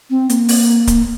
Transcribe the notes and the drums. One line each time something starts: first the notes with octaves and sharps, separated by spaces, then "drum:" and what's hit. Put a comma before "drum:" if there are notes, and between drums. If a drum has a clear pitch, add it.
C4
A#3, drum: hi-hat
drum: open hi-hat
drum: kick C#1, hi-hat